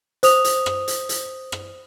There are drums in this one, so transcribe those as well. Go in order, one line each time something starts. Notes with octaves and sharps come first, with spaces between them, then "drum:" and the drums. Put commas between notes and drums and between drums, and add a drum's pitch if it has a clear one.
C5 D#6 F7, drum: hi-hat
drum: hi-hat
drum: rim click
drum: hi-hat
drum: hi-hat
drum: rim click